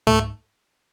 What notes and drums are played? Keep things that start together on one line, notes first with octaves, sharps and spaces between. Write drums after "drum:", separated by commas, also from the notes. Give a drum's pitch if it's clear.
A3, drum: tom G#2